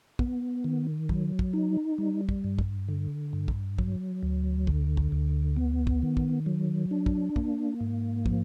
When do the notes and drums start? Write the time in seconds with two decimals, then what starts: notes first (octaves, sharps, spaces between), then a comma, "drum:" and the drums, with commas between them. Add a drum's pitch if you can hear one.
0.19 B3, drum: kick
0.64 D#3
1.09 F#3, drum: kick
1.39 drum: kick
1.53 D#4
1.98 G3
2.29 drum: kick
2.44 G2
2.59 drum: kick
2.88 D3
3.33 G2
3.48 drum: kick
3.78 F#3, drum: kick
4.23 D2
4.67 D3, drum: kick
4.97 drum: kick
5.12 D2
5.56 B3
5.87 drum: kick
6.02 D#3
6.17 drum: kick
6.46 F#3
6.91 D4
7.06 drum: kick
7.36 A#3, drum: kick
7.80 G#2
8.26 F3, drum: kick